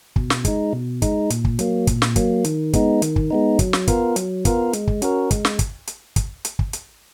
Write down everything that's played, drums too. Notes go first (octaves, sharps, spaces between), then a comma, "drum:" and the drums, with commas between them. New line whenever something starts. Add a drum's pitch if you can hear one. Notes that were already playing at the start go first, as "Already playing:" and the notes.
B2, drum: kick
drum: snare
G#3 D#4, drum: kick, hi-hat
B2
G#3 D#4, drum: kick, hi-hat
A#2, drum: hi-hat
drum: kick
F#3 A#3, drum: hi-hat
A#2, drum: kick, hi-hat
drum: snare
F#3 A#3, drum: kick, hi-hat
D#3, drum: hi-hat
G#3 B3 D#4, drum: kick, hi-hat
D#3, drum: hi-hat
drum: kick
G#3 B3 D#4
F#3, drum: kick, hi-hat
drum: snare
B3 F4 A#4, drum: kick, hi-hat
F#3, drum: hi-hat
B3 F4 A#4, drum: kick, hi-hat
G#3, drum: hi-hat
drum: kick
C#4 F#4 A#4, drum: hi-hat
G#3, drum: kick, hi-hat
drum: snare
drum: kick, hi-hat
drum: hi-hat
drum: kick, hi-hat
drum: hi-hat
drum: kick
drum: hi-hat